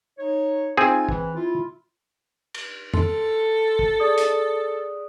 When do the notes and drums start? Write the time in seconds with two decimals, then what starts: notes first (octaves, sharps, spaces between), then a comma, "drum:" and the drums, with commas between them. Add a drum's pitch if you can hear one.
0.18 D#4 C#5
0.77 C4 D#4 F4 G#4 G#5
1.09 E3, drum: kick
1.34 E4 F4
2.54 drum: cymbal
2.94 A4 C6, drum: tom
3.79 drum: kick
4.00 G#4 D5 D#6
4.18 drum: hi-hat